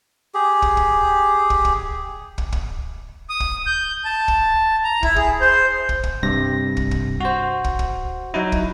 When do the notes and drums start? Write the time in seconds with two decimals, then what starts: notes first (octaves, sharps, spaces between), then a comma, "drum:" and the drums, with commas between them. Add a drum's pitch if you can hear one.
0.34 G4 G#4
0.62 drum: kick
0.77 drum: kick
1.50 drum: kick
1.65 drum: kick
2.38 drum: kick
2.52 drum: kick
3.30 D#6
3.40 drum: kick
3.66 G6
4.05 A5
4.28 drum: kick
4.84 A#5
5.03 E4, drum: kick
5.16 G#4, drum: kick
5.41 C5
5.89 drum: kick
6.03 drum: kick
6.23 G2 C3 A#6
6.77 drum: kick
6.91 drum: kick
7.20 F#4 C5
7.64 drum: kick
7.79 drum: kick
8.34 F#3 D#4 E4
8.52 drum: kick